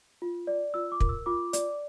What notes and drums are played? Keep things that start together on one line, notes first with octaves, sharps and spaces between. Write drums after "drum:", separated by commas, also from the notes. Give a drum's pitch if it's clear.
F4
D5
F4 E6
D6
A#4, drum: kick
E6
F4 D6
D5, drum: hi-hat